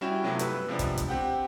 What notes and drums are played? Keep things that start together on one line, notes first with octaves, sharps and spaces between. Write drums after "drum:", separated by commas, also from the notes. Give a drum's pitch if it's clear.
G3 C#4 E4 F#4 G5 E7
C3 F#3 A3 B3 E4 F4
G2 B4 E6, drum: hi-hat
C3 F3 G#3 B3 D4
drum: kick, hi-hat
drum: kick, hi-hat
C4 G4 F#5 G5